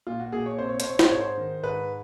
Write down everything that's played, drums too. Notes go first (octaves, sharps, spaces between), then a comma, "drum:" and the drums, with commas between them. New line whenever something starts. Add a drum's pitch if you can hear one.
A#2 F4
F#4
A#2 G#4
C#5
C3 C5
C#5
C5, drum: hi-hat
C3 C#5
C5, drum: snare
G#2 C#5
C5
D#3
G#2 B4